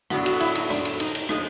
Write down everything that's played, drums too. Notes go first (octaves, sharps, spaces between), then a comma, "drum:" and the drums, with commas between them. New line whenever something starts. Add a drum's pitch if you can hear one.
A2 F#3 B3 D4 F#4, drum: rim click
F#4, drum: cymbal
E4, drum: cymbal
D#4, drum: cymbal
D4, drum: rim click
drum: cymbal
D#4, drum: cymbal
drum: cymbal
F3 G#3 C4 D#4, drum: rim click